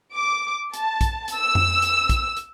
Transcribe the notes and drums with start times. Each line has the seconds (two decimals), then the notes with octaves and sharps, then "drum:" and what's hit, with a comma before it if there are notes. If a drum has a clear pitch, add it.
0.15 D6
0.74 A5, drum: hi-hat
1.01 drum: kick A#1, hi-hat
1.28 drum: hi-hat
1.38 E6
1.55 drum: tom F2
1.82 drum: hi-hat
2.09 drum: kick A#1, hi-hat
2.37 drum: hi-hat